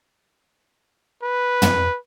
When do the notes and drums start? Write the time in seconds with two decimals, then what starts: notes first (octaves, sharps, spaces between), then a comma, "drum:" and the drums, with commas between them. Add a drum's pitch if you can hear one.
1.23 B4
1.62 drum: tom